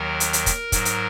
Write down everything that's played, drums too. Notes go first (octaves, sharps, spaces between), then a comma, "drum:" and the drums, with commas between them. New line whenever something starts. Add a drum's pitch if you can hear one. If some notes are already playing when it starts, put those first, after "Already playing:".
Already playing: D#2 D#3 F#3 A#4
drum: hi-hat
drum: hi-hat
drum: kick, hi-hat
G#2 F#3, drum: kick, hi-hat
drum: hi-hat